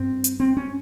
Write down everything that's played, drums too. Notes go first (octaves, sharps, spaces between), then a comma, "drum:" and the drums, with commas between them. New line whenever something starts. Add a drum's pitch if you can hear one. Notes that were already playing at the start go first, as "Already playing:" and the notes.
Already playing: G2 C4
drum: hi-hat
C4
C#4